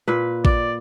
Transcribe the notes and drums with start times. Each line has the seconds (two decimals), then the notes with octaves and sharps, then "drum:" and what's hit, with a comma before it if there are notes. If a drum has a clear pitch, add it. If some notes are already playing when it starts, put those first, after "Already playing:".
0.08 A#2 B4
0.45 D5, drum: kick A1